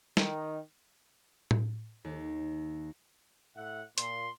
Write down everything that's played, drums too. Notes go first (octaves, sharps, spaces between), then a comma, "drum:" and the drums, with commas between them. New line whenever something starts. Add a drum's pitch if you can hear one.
D#3, drum: snare
drum: tom A2
D#2
A2 E5 F#5
A#2 C6, drum: hi-hat